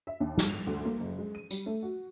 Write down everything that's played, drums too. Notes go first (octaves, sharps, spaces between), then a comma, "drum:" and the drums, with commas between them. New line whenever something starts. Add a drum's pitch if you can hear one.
E5
D#2
G1, drum: snare
F7
D2
A#3
F#1
G#3
D#7
G3, drum: tambourine
A3
F#4